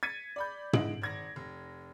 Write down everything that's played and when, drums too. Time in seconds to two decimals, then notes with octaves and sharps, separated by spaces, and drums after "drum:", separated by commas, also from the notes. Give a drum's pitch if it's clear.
0.03 G#6 A6 B6 C#7 D#7
0.36 D5 B5 G6
0.73 D3 G#3 E4 D#5 D7 F#7, drum: tom
1.02 G#1 G#6 A#6
1.36 F1